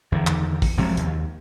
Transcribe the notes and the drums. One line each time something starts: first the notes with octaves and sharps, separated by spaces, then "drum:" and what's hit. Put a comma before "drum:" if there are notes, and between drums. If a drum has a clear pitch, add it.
E2 D3 D#3
drum: clap
drum: kick, open hi-hat
C3 F3 F#3 G#3
D#2, drum: hi-hat